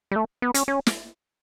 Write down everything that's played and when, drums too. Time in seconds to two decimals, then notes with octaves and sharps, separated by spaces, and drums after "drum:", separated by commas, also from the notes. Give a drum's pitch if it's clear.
0.12 G3
0.16 A3
0.42 B3
0.54 C#4, drum: hi-hat
0.68 C#4
0.87 drum: snare